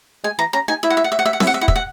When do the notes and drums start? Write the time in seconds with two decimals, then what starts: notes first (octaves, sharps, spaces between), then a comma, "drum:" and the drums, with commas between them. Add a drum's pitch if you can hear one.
0.24 G#3 G#5
0.39 E3 A#5
0.53 C#4 A#5
0.68 D#4 G#5
0.83 E4 E5
0.90 F#5
0.97 E5
1.04 F#5
1.12 E5
1.19 F#5
1.26 E5
1.33 F#5
1.40 E4 E5, drum: snare C4
1.47 F#5
1.54 E5
1.61 E4 F#5
1.68 E5, drum: kick
1.76 F#5